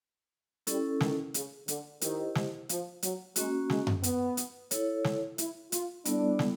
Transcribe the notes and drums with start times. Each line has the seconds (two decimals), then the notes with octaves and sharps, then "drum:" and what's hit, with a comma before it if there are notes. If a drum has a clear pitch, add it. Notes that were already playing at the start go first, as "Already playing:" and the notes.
0.67 G3 C#4 E4 A4, drum: hi-hat
1.00 D#3, drum: snare
1.34 C#3, drum: hi-hat
1.68 D3, drum: hi-hat
2.01 D#3 E4 G4 C5 D#5, drum: hi-hat
2.35 drum: snare
2.69 F3, drum: hi-hat
3.03 F#3, drum: hi-hat
3.36 G#3 A#3 C#4 F#4, drum: hi-hat
3.70 G#3, drum: snare
3.87 drum: tom F#2
4.03 B3, drum: hi-hat
4.37 drum: hi-hat
4.71 E4 A4 C#5, drum: hi-hat
5.04 drum: snare
5.38 E4, drum: hi-hat
5.72 F4, drum: hi-hat
6.05 G3 B3 D4 E4 A4 D5, drum: hi-hat
6.39 drum: snare